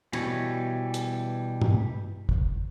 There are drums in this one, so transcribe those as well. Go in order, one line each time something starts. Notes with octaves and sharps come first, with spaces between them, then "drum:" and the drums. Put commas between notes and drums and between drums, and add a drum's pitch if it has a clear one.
B2 E3 G3 C#5, drum: cymbal
drum: hi-hat
drum: tom G2
drum: kick